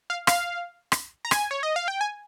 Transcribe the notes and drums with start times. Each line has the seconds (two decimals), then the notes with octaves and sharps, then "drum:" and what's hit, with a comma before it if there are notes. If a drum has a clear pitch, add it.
0.10 F5
0.27 F5, drum: rim click
0.92 drum: rim click
1.25 A#5
1.31 G#5, drum: rim click
1.51 C#5
1.63 D#5
1.76 F5
1.88 G5
2.01 G#5